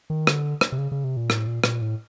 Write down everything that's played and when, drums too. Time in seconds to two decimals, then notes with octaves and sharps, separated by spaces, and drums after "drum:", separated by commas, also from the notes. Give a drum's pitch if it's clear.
0.10 D#3
0.27 D3, drum: rim click
0.61 drum: rim click
0.72 C3
0.78 C#3
0.92 C#3
1.04 C3
1.17 A#2
1.30 A2, drum: rim click
1.47 A#2
1.64 A#2, drum: rim click
1.81 A2